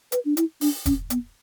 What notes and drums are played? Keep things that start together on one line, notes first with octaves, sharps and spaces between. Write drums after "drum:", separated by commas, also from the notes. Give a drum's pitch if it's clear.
B4, drum: hi-hat
D4
E4, drum: hi-hat
D4, drum: open hi-hat
C#4, drum: kick E1, hi-hat
B3, drum: hi-hat